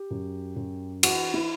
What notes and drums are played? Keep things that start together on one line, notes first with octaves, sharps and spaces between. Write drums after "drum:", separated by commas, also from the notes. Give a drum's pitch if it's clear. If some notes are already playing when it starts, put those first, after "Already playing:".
Already playing: G4
F#2
F#2
E3 F#4, drum: cymbal
E4